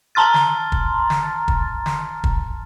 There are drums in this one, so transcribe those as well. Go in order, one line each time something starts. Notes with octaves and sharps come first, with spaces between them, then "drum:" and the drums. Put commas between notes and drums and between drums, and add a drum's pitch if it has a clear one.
A5 A#5 C6 F6 A6
drum: snare
drum: kick
drum: snare
drum: kick
drum: snare
drum: kick